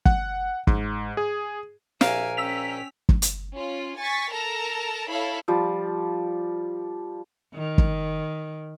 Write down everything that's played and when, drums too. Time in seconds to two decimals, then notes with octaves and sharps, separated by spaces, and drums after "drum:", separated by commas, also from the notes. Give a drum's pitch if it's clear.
0.06 F#5, drum: kick
0.67 G#2, drum: kick
1.17 G#4
2.01 A#1 A#4 E5 F5 G#5, drum: snare
2.37 C#4 G5 E6 B6 F7
3.09 drum: kick
3.22 drum: hi-hat
3.54 C#4 F4
4.00 G#5 C#6 A6 B6
4.32 A4 A#4 A5 A#5
5.09 E4 A4 C#5 F5 B5
5.48 F3 G3
7.54 D#3
7.78 drum: kick